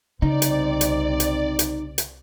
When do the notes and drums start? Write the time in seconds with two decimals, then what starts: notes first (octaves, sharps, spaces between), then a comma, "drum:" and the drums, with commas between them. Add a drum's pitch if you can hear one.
0.22 C2 C#3 C4 D#4 D5
0.42 drum: hi-hat
0.81 drum: hi-hat
1.20 drum: hi-hat
1.59 drum: hi-hat
1.98 drum: hi-hat